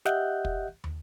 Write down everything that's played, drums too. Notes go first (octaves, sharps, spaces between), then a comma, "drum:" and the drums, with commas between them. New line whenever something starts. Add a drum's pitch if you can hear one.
G4 D#5 E5 F#5 F#6 G6, drum: snare
drum: kick
drum: tom